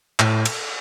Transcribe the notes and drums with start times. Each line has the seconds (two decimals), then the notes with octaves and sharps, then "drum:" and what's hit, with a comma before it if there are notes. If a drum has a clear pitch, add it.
0.20 A2, drum: clap
0.45 drum: cymbal